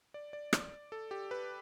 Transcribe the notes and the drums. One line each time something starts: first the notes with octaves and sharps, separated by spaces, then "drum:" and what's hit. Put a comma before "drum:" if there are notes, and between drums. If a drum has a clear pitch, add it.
D5
D5
D5, drum: rim click
A4
G4
B4